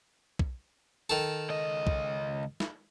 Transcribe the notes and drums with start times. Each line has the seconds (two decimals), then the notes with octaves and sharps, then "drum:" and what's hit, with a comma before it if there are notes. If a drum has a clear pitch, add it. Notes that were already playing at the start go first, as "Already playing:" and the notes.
0.39 drum: kick B1
1.10 D#3 A4
1.50 C#2 D#5
1.87 drum: kick B1
2.60 drum: snare